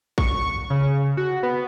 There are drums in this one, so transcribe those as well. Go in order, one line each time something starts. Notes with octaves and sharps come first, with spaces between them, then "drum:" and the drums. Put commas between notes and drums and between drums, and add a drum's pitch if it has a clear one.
C#6, drum: kick
C#3
F#4
B3